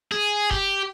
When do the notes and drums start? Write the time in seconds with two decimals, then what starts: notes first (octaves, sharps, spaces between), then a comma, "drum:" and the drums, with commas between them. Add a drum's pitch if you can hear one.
0.12 G#4
0.51 G4, drum: kick E1